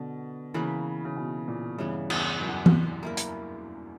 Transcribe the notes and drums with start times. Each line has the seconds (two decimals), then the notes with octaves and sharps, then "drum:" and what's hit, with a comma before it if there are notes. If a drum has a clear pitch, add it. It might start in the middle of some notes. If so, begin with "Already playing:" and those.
Already playing: B2 D3
0.54 C#3 E3 A#3 E4 B4
1.05 C#3
1.17 B2
1.48 A#2
1.78 G2 C#3 E3 B3
2.10 E2, drum: cymbal
2.41 F#2
2.49 E2
2.66 E2, drum: tom E3
3.03 A#3 E4 A#4
3.17 drum: hi-hat